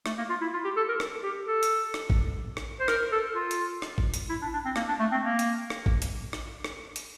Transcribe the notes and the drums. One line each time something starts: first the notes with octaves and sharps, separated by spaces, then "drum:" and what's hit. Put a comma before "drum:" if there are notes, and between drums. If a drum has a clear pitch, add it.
A3, drum: rim click
A#3
F4
E4
F4
G4
A4
A#4
drum: rim click
G4
A4
drum: hi-hat
drum: rim click
drum: kick
drum: rim click
C5
A#4, drum: rim click
A4
F4
drum: hi-hat
drum: rim click
drum: kick
drum: hi-hat
E4
D4
D4
C4
A#3, drum: rim click
D4
A3
C4
A#3
drum: hi-hat
drum: rim click
drum: kick
drum: hi-hat
drum: rim click
drum: rim click
drum: hi-hat